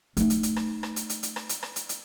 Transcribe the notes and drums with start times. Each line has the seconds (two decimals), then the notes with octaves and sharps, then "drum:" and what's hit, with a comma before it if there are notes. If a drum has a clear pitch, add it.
0.17 A3 D#4, drum: hi-hat
0.30 drum: hi-hat
0.43 drum: hi-hat
0.56 drum: rim click
0.83 drum: rim click
0.96 drum: hi-hat
1.10 drum: hi-hat
1.23 drum: hi-hat
1.36 drum: rim click
1.49 drum: hi-hat
1.63 drum: rim click
1.76 drum: hi-hat
1.89 drum: hi-hat